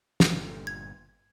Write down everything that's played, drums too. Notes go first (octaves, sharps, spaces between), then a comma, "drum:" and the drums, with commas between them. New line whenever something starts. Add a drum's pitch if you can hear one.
G1 A#2, drum: snare
G#6